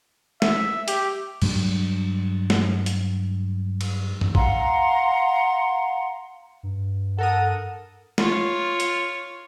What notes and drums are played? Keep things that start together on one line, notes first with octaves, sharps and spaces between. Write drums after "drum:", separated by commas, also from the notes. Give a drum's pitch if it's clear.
E5, drum: snare
G4, drum: hi-hat
G2 F#3 A3 D4, drum: cymbal
drum: snare
drum: hi-hat
drum: cymbal
drum: tom G2
F5 F#5 A#5 C6, drum: kick A1
G2
A4 A#4 F#5 D#6
F4 C#5, drum: snare
drum: hi-hat